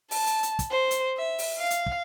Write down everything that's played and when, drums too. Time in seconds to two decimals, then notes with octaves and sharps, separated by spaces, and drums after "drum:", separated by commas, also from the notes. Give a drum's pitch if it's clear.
0.11 A5, drum: open hi-hat
0.27 drum: hi-hat
0.43 drum: hi-hat
0.59 drum: kick, hi-hat
0.71 C5
0.91 drum: hi-hat
1.18 E5
1.39 drum: open hi-hat
1.58 F5
1.70 drum: hi-hat
1.86 drum: kick